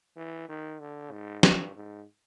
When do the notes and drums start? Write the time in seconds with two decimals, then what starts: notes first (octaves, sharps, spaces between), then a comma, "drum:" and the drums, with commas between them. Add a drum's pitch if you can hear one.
0.16 E3
0.49 D#3
0.80 D3
1.11 G#2
1.43 G2, drum: snare
1.75 G#2